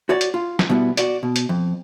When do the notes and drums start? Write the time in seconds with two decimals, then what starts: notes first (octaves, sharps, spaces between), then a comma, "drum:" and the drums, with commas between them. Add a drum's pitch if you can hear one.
0.09 F#4 C#5 D5
0.21 drum: hi-hat
0.34 F4
0.59 drum: snare
0.70 B2 G3 B3 E4
0.97 F#4 D5, drum: hi-hat
1.23 B2
1.36 drum: hi-hat
1.49 F2